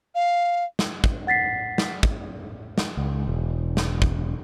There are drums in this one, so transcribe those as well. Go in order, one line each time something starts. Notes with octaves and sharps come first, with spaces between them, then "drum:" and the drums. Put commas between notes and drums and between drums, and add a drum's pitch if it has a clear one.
F5
drum: snare
drum: kick
F#5 A6 B6 C7
drum: snare
drum: kick
drum: snare
C#2
E1
drum: snare
drum: kick